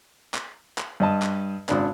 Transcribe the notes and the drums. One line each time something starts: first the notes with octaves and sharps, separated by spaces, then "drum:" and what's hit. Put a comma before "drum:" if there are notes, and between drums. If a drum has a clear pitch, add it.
drum: clap
drum: clap
G2 D#5 A5
drum: clap
G#1 C#3 D4, drum: clap